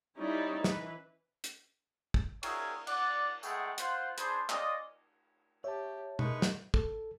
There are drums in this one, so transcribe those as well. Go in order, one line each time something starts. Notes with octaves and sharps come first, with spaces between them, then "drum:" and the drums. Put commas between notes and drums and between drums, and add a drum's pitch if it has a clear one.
G3 C#4 D#4 E4 D5
E3 B4, drum: snare
drum: hi-hat
drum: kick
F#4 G#4 A#4 C#5 E5 G5, drum: cymbal
D5 F#5, drum: cymbal
G#3 A3 B3 G#4 F#5 G5, drum: tambourine
F4 C5 F#5, drum: hi-hat
D4 G#4 B4 C5, drum: hi-hat
C#4 F4 D5 D#5, drum: clap
G4 C#5 E5 A5
G#3 D#4 A#4 B4 C#6, drum: tom B2
drum: snare
A4, drum: kick